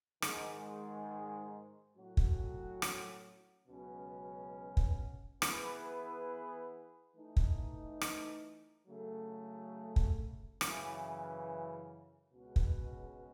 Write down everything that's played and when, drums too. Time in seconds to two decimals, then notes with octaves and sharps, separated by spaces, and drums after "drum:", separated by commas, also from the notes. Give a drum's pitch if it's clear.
0.22 G#2 D#3 G#3, drum: rim click
1.96 A2 F#3 C#4 F#4
2.17 drum: kick
2.82 drum: rim click
3.68 C#2 B2 F#3 C#4
4.77 drum: kick
5.42 E3 B3 E4 G#4 B4, drum: rim click
7.15 E3 A3 D#4
7.37 drum: kick
8.01 drum: rim click
8.88 C#3 F#3 A3
9.96 drum: kick
10.61 F#2 C#3 E3, drum: rim click
12.34 C#2 B2 G#3 C#4 F#4
12.56 drum: kick